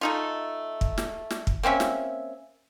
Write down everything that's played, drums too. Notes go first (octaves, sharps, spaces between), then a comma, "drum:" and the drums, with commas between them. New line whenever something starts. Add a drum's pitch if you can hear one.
A3 D#4 F4
drum: kick
drum: snare
drum: snare
drum: kick
A#3 C4 C#4 E5
drum: snare